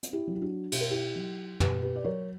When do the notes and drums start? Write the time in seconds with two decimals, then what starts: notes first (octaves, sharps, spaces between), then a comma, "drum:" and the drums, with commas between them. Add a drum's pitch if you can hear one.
0.03 drum: hi-hat
0.13 E4 G4
0.27 F#3
0.35 E4
0.41 D4 F#4
0.72 B2 G4, drum: cymbal
0.81 A#4
0.90 E4 G4
1.16 F#3
1.60 B2 G4 B4, drum: tom
1.82 G4 B4
1.96 D5
2.04 F#3 A#4 C#5